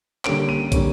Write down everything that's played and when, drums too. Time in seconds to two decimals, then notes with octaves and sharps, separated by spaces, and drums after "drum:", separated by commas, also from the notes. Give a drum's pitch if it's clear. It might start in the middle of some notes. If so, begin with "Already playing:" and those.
0.25 D3 G3 A#3 C#4 D7, drum: clap
0.49 D#7
0.72 D3 G3 A#3 C#4, drum: kick, hi-hat